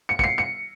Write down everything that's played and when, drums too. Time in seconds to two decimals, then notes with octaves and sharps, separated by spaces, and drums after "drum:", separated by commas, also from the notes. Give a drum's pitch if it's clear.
0.09 C#7
0.19 C#7, drum: kick
0.24 C7
0.38 C#7